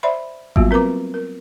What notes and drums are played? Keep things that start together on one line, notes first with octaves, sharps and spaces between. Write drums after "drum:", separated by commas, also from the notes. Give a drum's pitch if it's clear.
C5 D5 E5 B5 C6
F#3 G3 A#3 B3 F4 F#4, drum: kick G#1
C4 A#4 B4 A#5 D6
A#4